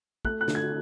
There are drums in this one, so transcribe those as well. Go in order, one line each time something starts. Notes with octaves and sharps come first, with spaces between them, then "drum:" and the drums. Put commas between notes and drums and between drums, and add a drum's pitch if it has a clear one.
A3 F#6, drum: kick
F#6
D3, drum: snare
G#6